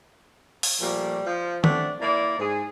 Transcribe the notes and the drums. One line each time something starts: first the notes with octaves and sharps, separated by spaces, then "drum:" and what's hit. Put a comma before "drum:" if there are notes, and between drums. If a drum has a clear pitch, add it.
drum: open hi-hat
A#2 F3 G3 A3 A#3
F3
A3 C4 D4 D5 F#5, drum: tom D#3
A#3 E4 D5
G#2 G#4